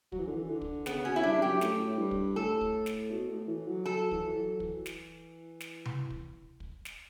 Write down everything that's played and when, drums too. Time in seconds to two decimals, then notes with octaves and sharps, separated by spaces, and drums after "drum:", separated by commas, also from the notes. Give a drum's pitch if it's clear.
0.12 F#3, drum: kick
0.19 E3
0.27 D3
0.35 E3
0.50 D3
0.62 drum: kick
0.86 C#3 B3, drum: snare
1.05 B2 C#4
1.16 E4
1.23 G2 D4
1.35 E2
1.42 F#2 G4
1.61 A2, drum: snare
1.98 G2
2.11 drum: kick
2.36 A2 A4
2.61 drum: kick
2.86 drum: snare
3.11 B2
3.29 A2
3.48 E3
3.67 F#3
3.85 F#3 A4
4.11 E3, drum: kick
4.26 E3
4.36 F#3
4.60 E3, drum: kick
4.86 drum: snare
5.60 drum: snare
5.85 drum: tom C3
6.10 drum: kick
6.60 drum: kick
6.85 drum: snare